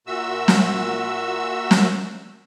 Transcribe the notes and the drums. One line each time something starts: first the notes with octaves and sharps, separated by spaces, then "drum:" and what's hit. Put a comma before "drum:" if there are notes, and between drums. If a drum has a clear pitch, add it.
A#2 F#4 E5 E6
drum: snare
drum: snare